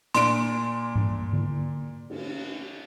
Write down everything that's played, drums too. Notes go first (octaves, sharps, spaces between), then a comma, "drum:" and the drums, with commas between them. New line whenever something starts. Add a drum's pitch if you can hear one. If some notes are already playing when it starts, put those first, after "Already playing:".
A#2 D4 C6 D7, drum: hi-hat
drum: tom G#2
drum: tom D3
drum: cymbal